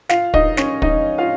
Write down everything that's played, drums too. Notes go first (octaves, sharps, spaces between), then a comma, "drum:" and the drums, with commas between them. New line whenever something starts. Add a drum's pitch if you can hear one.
F4 F5, drum: snare
D#4 D#5, drum: kick
C#4 C#5, drum: snare
D#4 D#5, drum: kick
F4 F5